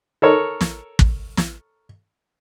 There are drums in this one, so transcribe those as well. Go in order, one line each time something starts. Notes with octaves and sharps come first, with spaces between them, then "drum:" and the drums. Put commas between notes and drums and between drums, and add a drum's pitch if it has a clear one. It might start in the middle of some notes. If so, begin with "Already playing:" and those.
A4 A#4 C#5
drum: snare
drum: kick
drum: snare